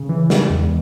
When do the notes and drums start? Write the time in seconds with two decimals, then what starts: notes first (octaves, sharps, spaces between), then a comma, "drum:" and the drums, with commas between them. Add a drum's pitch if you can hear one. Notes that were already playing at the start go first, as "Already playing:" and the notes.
Already playing: C#3
0.09 E3
0.30 G#3, drum: snare
0.50 E2